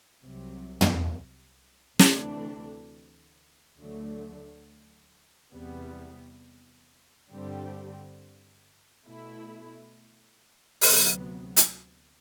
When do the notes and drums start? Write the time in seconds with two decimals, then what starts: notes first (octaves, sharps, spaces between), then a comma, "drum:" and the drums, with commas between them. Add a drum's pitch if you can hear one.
0.23 C2 C3 F#3
0.81 drum: tom
1.99 D2 C3 E3 A3 D4, drum: snare
3.77 D2 D3 F#3 A3
5.53 E2 C3 G3 B3
7.29 G2 D3 G3 C4 G4
9.05 B2 A3 E4
10.81 D2 C3 F#3 B3, drum: open hi-hat
11.57 drum: hi-hat